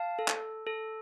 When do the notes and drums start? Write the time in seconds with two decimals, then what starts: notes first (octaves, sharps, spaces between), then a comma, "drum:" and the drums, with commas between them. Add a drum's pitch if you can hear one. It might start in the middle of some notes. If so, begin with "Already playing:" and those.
Already playing: F5 A5
0.19 A4
0.28 drum: clap
0.67 A4